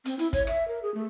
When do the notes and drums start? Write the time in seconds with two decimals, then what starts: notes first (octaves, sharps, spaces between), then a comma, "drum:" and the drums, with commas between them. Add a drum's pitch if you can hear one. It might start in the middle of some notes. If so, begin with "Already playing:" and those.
0.06 C4, drum: hi-hat
0.19 E4, drum: hi-hat
0.33 C#5, drum: kick, hi-hat
0.47 E5, drum: rim click
0.68 A#4
0.83 G#4
0.94 A3